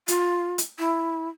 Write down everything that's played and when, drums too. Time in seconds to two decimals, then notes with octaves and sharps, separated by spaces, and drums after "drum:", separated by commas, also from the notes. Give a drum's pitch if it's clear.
0.08 F4, drum: hi-hat
0.58 drum: hi-hat
0.79 E4